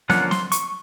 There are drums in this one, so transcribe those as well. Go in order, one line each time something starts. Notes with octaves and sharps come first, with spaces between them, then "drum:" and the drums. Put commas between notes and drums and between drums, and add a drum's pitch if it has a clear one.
D3 F3 A#3 C#4 F#5, drum: snare
C6, drum: snare
C#6, drum: hi-hat